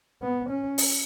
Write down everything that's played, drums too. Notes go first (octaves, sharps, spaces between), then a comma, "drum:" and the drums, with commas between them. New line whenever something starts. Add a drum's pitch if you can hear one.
B3
C#4
drum: open hi-hat